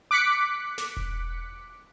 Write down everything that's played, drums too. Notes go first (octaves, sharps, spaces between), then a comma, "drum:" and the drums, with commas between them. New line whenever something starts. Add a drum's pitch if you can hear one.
D6 F#6 B6 C#7
drum: snare
drum: kick E1